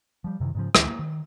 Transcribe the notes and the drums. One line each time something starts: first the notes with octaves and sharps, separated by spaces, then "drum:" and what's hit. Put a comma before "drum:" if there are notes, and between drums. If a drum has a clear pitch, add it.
F3 G3
F#2 C3 D#3 E3
G#2 C#3 F3
D2 D#3, drum: rim click
A#3
D#3